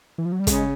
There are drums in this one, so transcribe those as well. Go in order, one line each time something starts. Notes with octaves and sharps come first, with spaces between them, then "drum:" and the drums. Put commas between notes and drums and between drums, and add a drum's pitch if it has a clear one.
E3
F3
F#3
G3
C#3 G#3, drum: kick, hi-hat